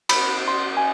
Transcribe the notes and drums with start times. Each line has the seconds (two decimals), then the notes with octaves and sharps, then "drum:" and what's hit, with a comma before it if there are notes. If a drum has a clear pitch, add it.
0.09 B5, drum: cymbal
0.48 C6
0.77 G#5